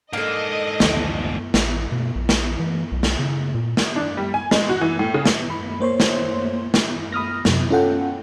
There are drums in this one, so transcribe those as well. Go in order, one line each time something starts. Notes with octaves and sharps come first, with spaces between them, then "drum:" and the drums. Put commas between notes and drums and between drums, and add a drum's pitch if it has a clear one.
G#2 A#3 D4 A4 D#5
A1 D2 F3, drum: snare
A1, drum: snare
B2
A#1
drum: snare
E3
B1
drum: snare
C#3
A#2
drum: snare
D4
G3
G#5
G#3, drum: snare
F#4
E3
A2
C#3
drum: snare
B5
A#3 C5 C#5 C6
drum: snare
drum: snare
B5 D#6 F6 A#6
F#2 C3, drum: snare
C#4 F4 A4 F#5 G5